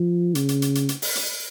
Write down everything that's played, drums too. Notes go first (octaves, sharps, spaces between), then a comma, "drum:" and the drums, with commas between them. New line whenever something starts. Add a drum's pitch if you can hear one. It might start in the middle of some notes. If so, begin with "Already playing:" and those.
Already playing: F3
C#3, drum: hi-hat
drum: hi-hat
drum: hi-hat
drum: hi-hat
drum: hi-hat
drum: open hi-hat
drum: hi-hat